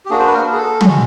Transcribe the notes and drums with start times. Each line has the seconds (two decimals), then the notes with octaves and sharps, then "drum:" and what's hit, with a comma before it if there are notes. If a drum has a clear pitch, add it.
0.05 G4
0.10 A#3 D4 F#4 G#4
0.19 C5
0.26 B4
0.34 A#4
0.52 G#4
0.57 A4
0.81 G#3 C#4 F#4, drum: tom